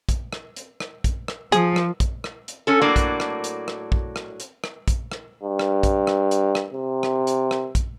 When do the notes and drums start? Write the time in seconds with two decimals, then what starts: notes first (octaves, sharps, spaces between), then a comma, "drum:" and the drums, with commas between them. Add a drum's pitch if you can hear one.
0.09 drum: kick, hi-hat
0.33 drum: rim click
0.56 drum: hi-hat
0.80 drum: rim click
1.04 drum: kick, hi-hat
1.28 drum: rim click
1.52 F3 G#4, drum: hi-hat
1.76 drum: rim click
2.00 drum: kick, hi-hat
2.24 drum: rim click
2.48 drum: hi-hat
2.67 C#4 A4
2.81 A2 F#3 A#3 D4
2.96 drum: kick, hi-hat
3.20 drum: rim click
3.44 drum: hi-hat
3.68 drum: rim click
3.92 drum: kick
4.16 drum: rim click
4.40 drum: hi-hat
4.64 drum: rim click
4.88 drum: kick, hi-hat
5.12 drum: rim click
5.43 G2
5.59 drum: rim click
5.83 drum: kick, hi-hat
6.07 drum: rim click
6.31 drum: hi-hat
6.55 drum: rim click
6.73 C3
7.03 drum: rim click
7.27 drum: hi-hat
7.51 drum: rim click
7.75 drum: kick, hi-hat